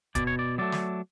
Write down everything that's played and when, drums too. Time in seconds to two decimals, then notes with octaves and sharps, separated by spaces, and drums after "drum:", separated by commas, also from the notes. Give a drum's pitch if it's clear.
0.15 B2 D5, drum: kick, hi-hat
0.27 C#5
0.39 D5
0.58 F#3 A3 D5
0.72 drum: snare